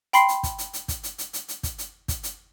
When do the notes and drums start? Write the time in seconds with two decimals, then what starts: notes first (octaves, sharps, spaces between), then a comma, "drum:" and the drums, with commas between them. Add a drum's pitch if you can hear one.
0.13 G5 B5 C6 C7, drum: hi-hat
0.28 drum: hi-hat
0.43 drum: kick, hi-hat
0.58 drum: hi-hat
0.73 drum: hi-hat
0.88 drum: kick, hi-hat
1.03 drum: hi-hat
1.18 drum: hi-hat
1.33 drum: hi-hat
1.48 drum: hi-hat
1.63 drum: kick, hi-hat
1.78 drum: hi-hat
2.08 drum: kick, hi-hat
2.23 drum: hi-hat